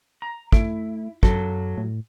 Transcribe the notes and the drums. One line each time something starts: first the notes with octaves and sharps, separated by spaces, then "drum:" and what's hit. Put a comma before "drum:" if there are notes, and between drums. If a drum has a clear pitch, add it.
A#5
A3 E4, drum: kick
F#2 F#3 A4, drum: kick
A2